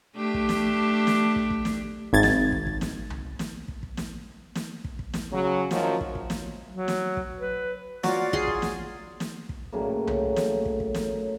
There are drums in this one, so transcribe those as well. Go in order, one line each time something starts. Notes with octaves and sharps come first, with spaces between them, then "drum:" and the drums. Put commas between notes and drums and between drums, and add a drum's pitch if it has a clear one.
A3 D4 G4
drum: kick
drum: snare
drum: snare
drum: kick
drum: kick
drum: snare
G#1 G#6 A6
drum: snare
drum: kick
drum: kick
drum: snare
drum: tom C2
drum: snare
drum: kick
drum: kick
drum: snare
drum: snare
drum: kick
drum: kick
drum: snare
C#3 F#3
F#2 D#3 F3 F#3, drum: snare
drum: kick
drum: kick
drum: snare
F#3
drum: snare
drum: kick
B4
F#3 F4 D5 F#5, drum: snare
G#4 C6, drum: kick
drum: kick
drum: snare
drum: snare
drum: kick
A2 C#3 F#3 A#3
drum: tom C2
drum: snare
drum: kick
drum: kick
drum: snare